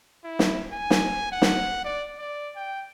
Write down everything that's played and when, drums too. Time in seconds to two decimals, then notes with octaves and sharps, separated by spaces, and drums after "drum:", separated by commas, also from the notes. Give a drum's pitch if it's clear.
0.24 E4
0.39 drum: snare
0.72 G#5
0.90 drum: snare
1.32 F#5
1.42 drum: snare
1.84 D5
2.18 D5
2.56 G5